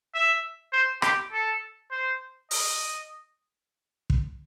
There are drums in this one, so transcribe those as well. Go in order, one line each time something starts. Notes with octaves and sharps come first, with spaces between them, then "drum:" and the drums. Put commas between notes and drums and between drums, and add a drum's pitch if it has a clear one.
E5
C5
G4, drum: rim click
A4
C5
D#5, drum: open hi-hat
drum: kick